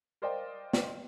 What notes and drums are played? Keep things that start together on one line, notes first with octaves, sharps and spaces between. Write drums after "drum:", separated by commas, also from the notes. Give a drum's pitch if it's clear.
A#4 C5 D5 D#5 F5 G5
drum: snare